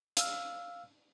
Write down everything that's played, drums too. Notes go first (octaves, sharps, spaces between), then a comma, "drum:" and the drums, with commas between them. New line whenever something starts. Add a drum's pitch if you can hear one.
F5 E6 F6, drum: hi-hat